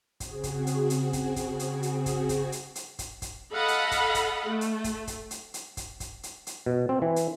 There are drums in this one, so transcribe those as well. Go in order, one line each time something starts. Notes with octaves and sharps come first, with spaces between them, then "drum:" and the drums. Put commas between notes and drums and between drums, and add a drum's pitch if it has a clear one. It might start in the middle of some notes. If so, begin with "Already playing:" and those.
C#3 C4 F#4 G#4, drum: kick, hi-hat
drum: kick, hi-hat
drum: hi-hat
drum: hi-hat
drum: kick, hi-hat
drum: kick, hi-hat
drum: hi-hat
drum: hi-hat
drum: kick, hi-hat
drum: kick, hi-hat
drum: hi-hat
drum: hi-hat
drum: kick, hi-hat
drum: kick, hi-hat
A4 D#5 F5 F#5 B5
drum: hi-hat
drum: kick, hi-hat
drum: kick, hi-hat
A3
drum: hi-hat
drum: kick, hi-hat
drum: kick, hi-hat
drum: hi-hat
drum: hi-hat
drum: kick, hi-hat
drum: kick, hi-hat
drum: hi-hat
drum: hi-hat
B2
C4
E3
drum: hi-hat